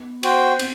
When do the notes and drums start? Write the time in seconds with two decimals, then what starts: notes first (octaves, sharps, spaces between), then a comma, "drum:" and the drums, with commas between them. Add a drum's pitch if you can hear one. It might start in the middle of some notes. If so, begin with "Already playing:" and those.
Already playing: B3
0.23 F#4 C5 G5, drum: cymbal
0.59 C4, drum: cymbal